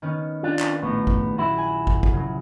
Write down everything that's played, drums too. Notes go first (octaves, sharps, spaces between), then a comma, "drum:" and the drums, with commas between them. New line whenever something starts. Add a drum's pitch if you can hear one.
D#3 B3 C#4
D4 F4
drum: clap
A#1 A2 B3 A#5
drum: kick
F#3 E4 F#4
G#5
drum: kick
drum: kick
C#3 F#3